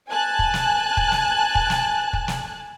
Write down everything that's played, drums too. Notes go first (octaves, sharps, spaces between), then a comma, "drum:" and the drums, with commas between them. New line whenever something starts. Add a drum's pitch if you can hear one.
G#5 A5 F#6
drum: kick
drum: snare
drum: kick
drum: snare
drum: kick
drum: snare
drum: kick
drum: snare